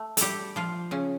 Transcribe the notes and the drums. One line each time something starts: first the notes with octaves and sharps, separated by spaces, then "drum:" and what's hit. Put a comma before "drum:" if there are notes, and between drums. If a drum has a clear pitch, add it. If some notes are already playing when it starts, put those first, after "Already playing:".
Already playing: A3
G3 G4 A4, drum: hi-hat
F3 F4
C#3 C#4